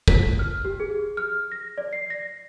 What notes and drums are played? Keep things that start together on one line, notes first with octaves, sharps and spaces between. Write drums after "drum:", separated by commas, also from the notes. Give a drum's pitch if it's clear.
B6, drum: kick
F6
G4
G#4
F6
A#6
D5
C7
A#6